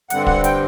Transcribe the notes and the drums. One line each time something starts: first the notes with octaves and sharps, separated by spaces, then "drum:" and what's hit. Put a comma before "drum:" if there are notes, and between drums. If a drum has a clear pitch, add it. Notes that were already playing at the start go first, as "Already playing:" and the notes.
G2 D3 G3 C4 F#5, drum: hi-hat
F#5, drum: kick
G5, drum: hi-hat